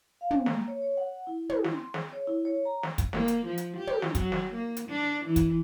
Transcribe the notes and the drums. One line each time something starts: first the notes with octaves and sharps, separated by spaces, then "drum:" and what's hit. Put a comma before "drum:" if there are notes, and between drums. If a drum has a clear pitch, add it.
F5
drum: tom
A#3, drum: snare
C#5
C#5
F#5
E4
drum: tom
drum: snare
C6
G#4, drum: snare
C#5
E4
C#5
A#5
drum: snare
drum: kick, hi-hat
A#3, drum: snare
drum: hi-hat
F3
drum: hi-hat
G4
drum: tom
drum: snare
F#3, drum: kick, hi-hat
drum: snare
A#3
drum: hi-hat
D4
E3
drum: kick, hi-hat